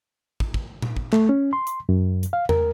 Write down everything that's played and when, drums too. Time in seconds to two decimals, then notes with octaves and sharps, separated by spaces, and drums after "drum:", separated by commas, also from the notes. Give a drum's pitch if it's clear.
0.40 drum: kick
0.54 drum: kick
0.82 drum: tom A#2
0.96 drum: kick
1.13 A3, drum: clap
1.29 C#4
1.53 C6
1.67 drum: hi-hat
1.89 F#2
2.23 drum: hi-hat
2.33 F5
2.49 A#4, drum: tom E2